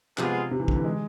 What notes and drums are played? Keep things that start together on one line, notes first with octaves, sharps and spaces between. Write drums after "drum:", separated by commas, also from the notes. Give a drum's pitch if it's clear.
C3 F3 G#3 B3 F4 G#4, drum: clap
C3
E3
D3, drum: kick
E3
G#3